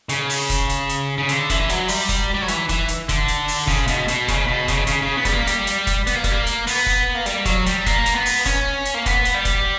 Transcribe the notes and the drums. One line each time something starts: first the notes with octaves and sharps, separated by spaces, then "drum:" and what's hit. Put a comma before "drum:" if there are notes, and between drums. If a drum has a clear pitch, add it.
C#3, drum: hi-hat
drum: open hi-hat
drum: kick, hi-hat
drum: hi-hat
drum: hi-hat
C#3
D3, drum: hi-hat
E3, drum: kick, hi-hat
F#3, drum: hi-hat
G3, drum: open hi-hat
drum: kick, hi-hat
G3
F#3
E3, drum: hi-hat
E3, drum: kick, hi-hat
drum: hi-hat
D3, drum: kick, hi-hat
drum: hi-hat
drum: open hi-hat
C#3, drum: kick
B2, drum: hi-hat
B2, drum: hi-hat
C#3, drum: kick, hi-hat
B2
C#3, drum: kick, hi-hat
C#3, drum: hi-hat
C#3
B3
G3, drum: kick, hi-hat
A#3
G3, drum: hi-hat
drum: hi-hat
drum: kick, hi-hat
B3, drum: hi-hat
A#3
G3, drum: kick, hi-hat
A#3
drum: hi-hat
B3, drum: open hi-hat
drum: kick
A#3
G3, drum: hi-hat
F#3, drum: kick, hi-hat
G3, drum: hi-hat
A#3, drum: kick, hi-hat
drum: hi-hat
B3
drum: open hi-hat
C#4, drum: kick, hi-hat
drum: hi-hat
A#3
B3, drum: kick, hi-hat
drum: hi-hat
G3
drum: kick, hi-hat